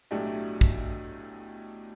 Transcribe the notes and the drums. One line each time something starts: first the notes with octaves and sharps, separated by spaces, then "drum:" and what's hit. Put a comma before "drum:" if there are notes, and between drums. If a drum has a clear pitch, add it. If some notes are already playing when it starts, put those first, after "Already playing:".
B1 A2 F#3 A3 D4 G4
drum: kick